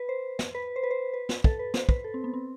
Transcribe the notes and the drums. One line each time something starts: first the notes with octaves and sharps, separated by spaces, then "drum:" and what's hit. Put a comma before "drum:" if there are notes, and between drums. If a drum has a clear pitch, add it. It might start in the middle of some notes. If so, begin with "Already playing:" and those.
Already playing: B4
C5
drum: snare
B4
C5
B4
C5
B4
drum: snare
A4, drum: kick
B4
C5, drum: snare
B4, drum: kick
A4
C4
B3
C4